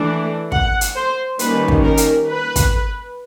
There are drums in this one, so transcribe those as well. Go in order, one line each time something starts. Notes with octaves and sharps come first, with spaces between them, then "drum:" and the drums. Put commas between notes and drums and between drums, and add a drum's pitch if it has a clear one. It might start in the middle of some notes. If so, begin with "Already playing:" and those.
Already playing: E3 A3 D4
F#5, drum: kick
drum: hi-hat
C5
D#3 G3 A#3 C#4 B4, drum: hi-hat
drum: kick
A#4
drum: hi-hat
B4
drum: kick, hi-hat